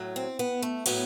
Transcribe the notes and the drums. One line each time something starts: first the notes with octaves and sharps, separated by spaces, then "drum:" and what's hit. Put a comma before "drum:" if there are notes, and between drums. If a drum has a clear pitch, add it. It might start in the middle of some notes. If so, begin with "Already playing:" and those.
Already playing: A2 F#3
C4
B3
A3
A2 F#3 B3, drum: cymbal